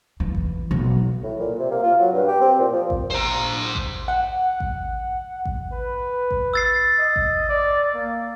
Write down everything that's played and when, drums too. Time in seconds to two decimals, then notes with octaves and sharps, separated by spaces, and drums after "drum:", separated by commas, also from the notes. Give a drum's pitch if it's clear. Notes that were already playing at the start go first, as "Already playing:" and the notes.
0.20 E3
0.35 drum: kick A1
0.71 B1
1.23 A2
1.39 A#2
1.59 C3
1.71 A#3
1.83 F4
2.00 F#3
2.13 G2
2.28 G4
2.40 C4
2.59 A#2
2.73 F3
2.90 drum: kick A1
3.11 C5 A#5
3.75 drum: kick A1
4.08 F#5
4.60 drum: kick A1
5.45 drum: kick A1
5.73 B4
6.31 drum: kick A1
6.54 E6 A6 C7
6.99 D#5
7.16 drum: kick A1
7.49 D5
7.94 A#3